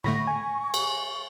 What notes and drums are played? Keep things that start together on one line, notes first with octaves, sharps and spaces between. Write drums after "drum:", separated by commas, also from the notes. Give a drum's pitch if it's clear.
A2 D3 A3 B5 C#6 A#6
G#5
drum: cymbal